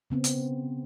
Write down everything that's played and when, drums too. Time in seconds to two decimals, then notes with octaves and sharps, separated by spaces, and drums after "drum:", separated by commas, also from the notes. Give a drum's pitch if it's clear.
0.10 C#3 B3 C4
0.24 drum: hi-hat